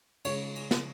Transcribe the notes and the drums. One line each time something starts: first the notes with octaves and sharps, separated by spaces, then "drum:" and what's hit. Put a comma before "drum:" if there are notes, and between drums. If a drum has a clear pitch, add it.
C#3 G#3 C#4 C#5, drum: cymbal
drum: cymbal
drum: snare